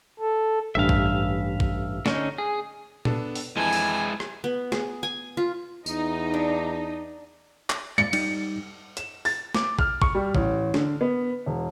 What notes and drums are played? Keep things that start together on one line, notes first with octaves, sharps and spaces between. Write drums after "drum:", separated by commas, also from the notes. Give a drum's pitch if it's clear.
A4
A1 G2 E5 F5
drum: kick
drum: kick
D3 C#4 D#4, drum: snare
G#4
B3 D4 A4, drum: tom A#2
drum: open hi-hat
F2 E3 G#3 E4 G#5 A5
drum: open hi-hat
drum: rim click
B3
G#4, drum: snare
G#5
F4
E2 D#4, drum: tambourine
D4
drum: clap
D5 C#7, drum: tom G3
G3 D#4 D5, drum: cymbal
E7, drum: hi-hat
A6, drum: open hi-hat
D6, drum: snare
F6, drum: kick
C#6, drum: kick
G3
A1, drum: kick
D3, drum: snare
B3
E1